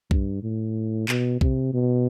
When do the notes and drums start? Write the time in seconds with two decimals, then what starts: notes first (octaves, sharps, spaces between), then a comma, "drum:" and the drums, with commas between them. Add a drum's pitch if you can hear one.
0.11 G2, drum: kick B1
0.43 A2
1.09 B2, drum: clap
1.41 C3, drum: kick B1
1.74 B2